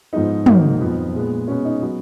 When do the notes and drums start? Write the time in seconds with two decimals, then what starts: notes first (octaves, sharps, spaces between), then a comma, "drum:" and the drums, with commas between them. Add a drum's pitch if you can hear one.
0.13 G#2 F3 G#3 B3 D#4
0.46 G#2 F#3 A#3 D#4, drum: tom
0.80 F2 F3 B3
1.14 A#2 G#3 B3
1.48 B2 G#3 B3 C#4
1.65 D#4
1.82 F#3 B3